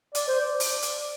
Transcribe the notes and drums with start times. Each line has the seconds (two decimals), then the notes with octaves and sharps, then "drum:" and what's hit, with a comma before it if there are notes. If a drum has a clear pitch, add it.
0.15 D5, drum: hi-hat
0.28 C5
0.40 D5
0.60 drum: open hi-hat
0.82 drum: hi-hat